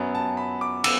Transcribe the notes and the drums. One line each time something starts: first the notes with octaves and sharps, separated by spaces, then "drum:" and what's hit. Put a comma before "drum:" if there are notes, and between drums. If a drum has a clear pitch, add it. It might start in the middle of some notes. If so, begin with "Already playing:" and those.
Already playing: F#2 F#3 B3
A5
B5
D6
B3 E6, drum: cymbal